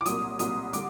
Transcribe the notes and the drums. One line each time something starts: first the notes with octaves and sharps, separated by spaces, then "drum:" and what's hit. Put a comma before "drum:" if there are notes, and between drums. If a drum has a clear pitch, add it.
D6
C2 A#2 F#3 D#6, drum: hi-hat
C2 A#2 F#3 D#6, drum: hi-hat
D3 G3 D6, drum: hi-hat